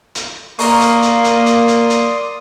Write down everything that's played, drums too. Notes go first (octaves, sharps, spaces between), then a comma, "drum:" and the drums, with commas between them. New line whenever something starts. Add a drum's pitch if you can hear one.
drum: hi-hat
A#3 D5 A#5 C6 C#6 D#6, drum: open hi-hat
drum: hi-hat
drum: hi-hat
drum: hi-hat
drum: hi-hat
drum: hi-hat
drum: hi-hat